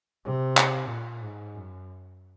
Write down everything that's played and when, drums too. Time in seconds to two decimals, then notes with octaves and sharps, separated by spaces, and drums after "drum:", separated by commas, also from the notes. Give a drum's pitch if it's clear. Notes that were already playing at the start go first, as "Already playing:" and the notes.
0.25 C3
0.57 drum: clap
0.90 A#2
1.22 G#2
1.55 F#2